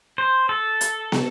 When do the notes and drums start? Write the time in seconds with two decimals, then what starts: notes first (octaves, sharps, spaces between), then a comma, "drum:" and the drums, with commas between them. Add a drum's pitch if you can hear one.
0.18 C5
0.49 A4
0.81 drum: hi-hat
1.12 drum: snare